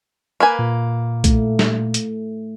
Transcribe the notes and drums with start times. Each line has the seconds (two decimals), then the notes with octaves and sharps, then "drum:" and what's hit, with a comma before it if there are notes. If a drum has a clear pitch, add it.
0.40 A#3 B4 G#5
0.59 A#2
1.24 A3, drum: kick B1, hi-hat
1.59 drum: snare
1.94 drum: hi-hat